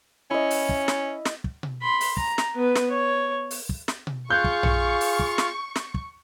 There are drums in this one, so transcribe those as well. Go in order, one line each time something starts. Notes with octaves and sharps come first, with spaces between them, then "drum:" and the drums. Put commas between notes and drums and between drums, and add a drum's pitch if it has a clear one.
C#4 E4 D#5
drum: open hi-hat
drum: kick
drum: snare
drum: snare
drum: kick
drum: tom B2
B5 C6
drum: open hi-hat
A#5, drum: kick
drum: snare
B3 B4
drum: snare
C#5
drum: open hi-hat
drum: kick
drum: snare
drum: tom B2
F4 G#4 F5 C#6 F#6 G6
drum: kick
drum: tom A#1
drum: open hi-hat
drum: kick
drum: snare
drum: snare
drum: kick